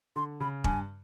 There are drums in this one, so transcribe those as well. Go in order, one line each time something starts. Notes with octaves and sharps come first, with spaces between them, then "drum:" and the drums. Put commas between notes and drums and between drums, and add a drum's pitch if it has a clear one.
D3 C6
C#3 B5
G2 G#5, drum: kick E1